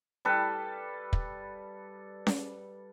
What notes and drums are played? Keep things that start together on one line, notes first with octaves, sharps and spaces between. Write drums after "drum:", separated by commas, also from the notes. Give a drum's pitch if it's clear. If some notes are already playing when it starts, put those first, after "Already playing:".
G3 A4 B4
drum: kick
drum: snare C#4